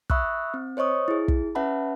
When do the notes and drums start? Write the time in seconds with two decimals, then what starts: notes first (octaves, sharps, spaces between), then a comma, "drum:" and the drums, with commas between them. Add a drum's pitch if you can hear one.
0.10 E5 B5 C#6 D#6 E6 F#6, drum: kick
0.54 C4
0.77 C5 C#5 D#5 C#6 D#6
1.08 E4 G#4
1.28 drum: kick
1.55 C#4 B4 E5 F#5 A5 B5